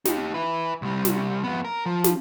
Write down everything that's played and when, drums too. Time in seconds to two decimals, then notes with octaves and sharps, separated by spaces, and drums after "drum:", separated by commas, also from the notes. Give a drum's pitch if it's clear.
0.05 D#4 G4, drum: snare
0.34 E4 B4
0.82 C2 G3
1.05 drum: snare
1.44 F2 B3
1.65 A#4
1.86 F3
2.04 drum: snare